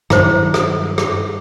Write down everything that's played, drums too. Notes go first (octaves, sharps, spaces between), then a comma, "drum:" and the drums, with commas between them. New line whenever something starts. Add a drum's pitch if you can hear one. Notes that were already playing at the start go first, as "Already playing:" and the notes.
G2 D#3 F#3 E4 C5, drum: rim click
drum: rim click
drum: rim click